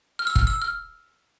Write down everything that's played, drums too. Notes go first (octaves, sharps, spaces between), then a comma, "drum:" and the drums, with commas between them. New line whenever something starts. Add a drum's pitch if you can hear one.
F6
E6
F6, drum: kick
E6
F6